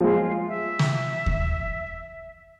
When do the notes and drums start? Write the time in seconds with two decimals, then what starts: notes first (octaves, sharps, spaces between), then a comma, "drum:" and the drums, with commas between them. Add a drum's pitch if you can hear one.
0.01 F3 G#3 F4
0.48 E5
0.79 drum: snare
1.26 drum: kick D#2